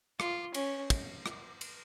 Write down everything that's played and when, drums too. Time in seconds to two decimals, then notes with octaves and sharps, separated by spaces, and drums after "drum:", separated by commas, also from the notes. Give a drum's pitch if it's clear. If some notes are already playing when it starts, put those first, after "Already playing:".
0.20 F4, drum: rim click
0.54 C#4, drum: cymbal
0.90 drum: kick, cymbal
1.26 drum: rim click
1.61 drum: cymbal